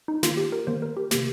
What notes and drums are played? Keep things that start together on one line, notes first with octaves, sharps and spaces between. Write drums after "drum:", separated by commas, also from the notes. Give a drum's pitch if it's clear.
D#4
D#3 A#3 F4, drum: snare
G4
A#4
D#3 A#3 C5
A#4
G4
C3 D#3 A#3 G4, drum: snare